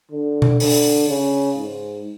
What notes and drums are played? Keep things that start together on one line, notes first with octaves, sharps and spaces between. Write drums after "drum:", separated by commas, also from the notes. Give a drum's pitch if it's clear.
D3
drum: tom B2
D3, drum: open hi-hat
C#3
G#2